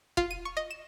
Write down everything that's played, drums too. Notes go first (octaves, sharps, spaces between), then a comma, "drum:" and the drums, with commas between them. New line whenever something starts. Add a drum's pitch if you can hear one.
F4, drum: kick
D#7
C#6
D#5
E7